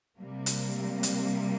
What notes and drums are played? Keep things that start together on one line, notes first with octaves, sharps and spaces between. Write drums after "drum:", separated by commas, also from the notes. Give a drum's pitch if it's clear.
C3 G3 A#3
drum: hi-hat
drum: hi-hat